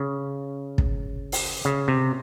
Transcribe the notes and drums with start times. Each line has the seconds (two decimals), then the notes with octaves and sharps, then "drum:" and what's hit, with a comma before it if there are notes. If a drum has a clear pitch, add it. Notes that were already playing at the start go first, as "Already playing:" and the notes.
Already playing: C#3
0.78 drum: kick
1.32 drum: open hi-hat
1.65 C#3
1.88 C3